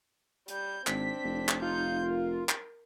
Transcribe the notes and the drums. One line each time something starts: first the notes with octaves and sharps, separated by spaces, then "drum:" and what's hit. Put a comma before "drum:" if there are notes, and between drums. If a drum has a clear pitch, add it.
G3 G6, drum: hi-hat
G#1 C4 D4 B6, drum: clap
F1
drum: clap
D#4 F4 G6
A#4
drum: clap